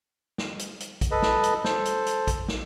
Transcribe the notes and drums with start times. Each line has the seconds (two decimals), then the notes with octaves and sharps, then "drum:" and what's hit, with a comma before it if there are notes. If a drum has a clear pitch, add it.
0.38 drum: snare
0.59 drum: hi-hat
0.80 drum: hi-hat
1.01 drum: kick A#1, hi-hat
1.11 A4 B4 D#5
1.22 drum: snare
1.43 drum: hi-hat
1.64 A4 C5, drum: snare
1.85 drum: hi-hat
2.06 drum: hi-hat
2.27 drum: kick A#1, hi-hat
2.48 drum: snare